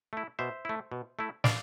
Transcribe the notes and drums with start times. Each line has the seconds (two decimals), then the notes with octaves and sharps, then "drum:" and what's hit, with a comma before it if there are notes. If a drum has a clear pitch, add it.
0.13 A3 E4
0.39 B2 C5 E5
0.65 A3 E4
0.92 B2
1.19 A3 E4
1.44 D5 F5, drum: snare